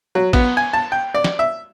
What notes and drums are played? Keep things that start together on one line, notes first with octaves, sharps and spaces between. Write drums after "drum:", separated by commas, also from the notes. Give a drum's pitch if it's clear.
F#3
B3, drum: kick A1, cymbal
G#5
A5
G5
D5
drum: snare
E5